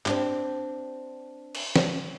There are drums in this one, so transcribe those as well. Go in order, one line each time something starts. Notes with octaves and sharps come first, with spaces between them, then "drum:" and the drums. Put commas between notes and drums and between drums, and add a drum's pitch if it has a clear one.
C4 D4 G4, drum: clap
drum: cymbal
drum: snare